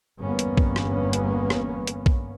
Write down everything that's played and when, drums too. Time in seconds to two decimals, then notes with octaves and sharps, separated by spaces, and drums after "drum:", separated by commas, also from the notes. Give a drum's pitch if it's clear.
0.20 G1 E2 G2 A#3 B3 C#4
0.39 drum: hi-hat
0.57 drum: kick A#1
0.76 drum: rim click
1.13 drum: hi-hat
1.50 drum: rim click
1.87 drum: hi-hat
2.06 drum: kick A#1